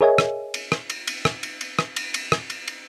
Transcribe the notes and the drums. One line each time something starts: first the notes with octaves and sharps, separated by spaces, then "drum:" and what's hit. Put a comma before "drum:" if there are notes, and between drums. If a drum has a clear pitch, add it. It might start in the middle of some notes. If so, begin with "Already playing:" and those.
G#4 A#4 C#5 D#5 E5 G#5
drum: rim click
drum: cymbal
drum: rim click
drum: cymbal
drum: cymbal
drum: rim click
drum: cymbal
drum: cymbal
drum: rim click
drum: cymbal
drum: cymbal
drum: rim click
drum: cymbal
drum: cymbal